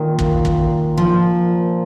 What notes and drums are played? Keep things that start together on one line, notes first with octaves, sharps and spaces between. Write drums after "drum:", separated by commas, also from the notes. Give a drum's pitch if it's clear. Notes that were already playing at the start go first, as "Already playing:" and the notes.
Already playing: A#2 D#3 A#3 F4 A#4
drum: kick
drum: kick
F3